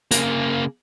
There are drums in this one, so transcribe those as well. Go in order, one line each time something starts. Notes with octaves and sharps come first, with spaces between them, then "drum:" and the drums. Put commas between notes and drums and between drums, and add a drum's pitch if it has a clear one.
C#3 A#3, drum: hi-hat